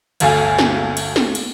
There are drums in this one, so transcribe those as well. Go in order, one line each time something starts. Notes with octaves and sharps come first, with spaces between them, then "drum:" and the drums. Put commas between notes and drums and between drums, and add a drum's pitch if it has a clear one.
G1 D2 A4 F5 G#5, drum: cymbal
drum: snare
drum: cymbal
drum: snare
drum: cymbal